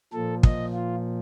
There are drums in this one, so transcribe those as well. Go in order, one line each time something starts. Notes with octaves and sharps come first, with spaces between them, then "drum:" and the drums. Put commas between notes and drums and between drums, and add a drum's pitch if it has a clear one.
A#2 F3 A4
D#5, drum: kick
F4